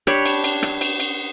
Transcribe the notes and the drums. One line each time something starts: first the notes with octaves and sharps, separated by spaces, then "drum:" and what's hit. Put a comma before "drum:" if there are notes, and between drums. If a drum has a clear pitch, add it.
D4 G4 C#5 B5, drum: rim click
drum: cymbal
drum: cymbal
drum: rim click
drum: cymbal
drum: cymbal